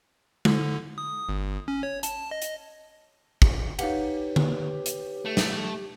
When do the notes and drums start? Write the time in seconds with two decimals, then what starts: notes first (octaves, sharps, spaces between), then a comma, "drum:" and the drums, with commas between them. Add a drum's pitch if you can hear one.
0.45 D3, drum: tom
0.98 D#6
1.29 G1
1.68 C#4
1.83 C#5
2.03 A5, drum: hi-hat
2.31 D#5
2.42 drum: hi-hat
3.42 drum: kick
3.79 D#4 G4 B4 C#5 F5 F#5, drum: cymbal
4.36 drum: tom D3
4.86 drum: hi-hat
5.25 A3
5.37 drum: snare